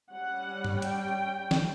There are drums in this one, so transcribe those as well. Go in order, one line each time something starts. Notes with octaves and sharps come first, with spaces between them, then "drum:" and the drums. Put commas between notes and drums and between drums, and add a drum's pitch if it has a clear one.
G3 C#4 F#5
drum: tom G2
G5, drum: hi-hat
drum: snare